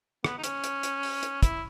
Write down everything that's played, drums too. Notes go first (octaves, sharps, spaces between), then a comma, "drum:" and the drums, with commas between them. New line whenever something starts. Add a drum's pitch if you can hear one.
B3, drum: rim click
D#4
C#4, drum: hi-hat
drum: hi-hat
drum: hi-hat
drum: open hi-hat
drum: hi-hat
E4, drum: kick, hi-hat